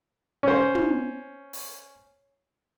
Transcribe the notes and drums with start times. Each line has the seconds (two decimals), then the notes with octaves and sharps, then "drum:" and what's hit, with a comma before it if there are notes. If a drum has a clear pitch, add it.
0.43 C#4 C5
0.75 drum: tom
1.53 drum: open hi-hat